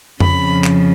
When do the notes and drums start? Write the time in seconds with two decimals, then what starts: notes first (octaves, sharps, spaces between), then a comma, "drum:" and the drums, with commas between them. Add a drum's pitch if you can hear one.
0.20 F2 C#3 F3 B5, drum: tom F2
0.64 drum: clap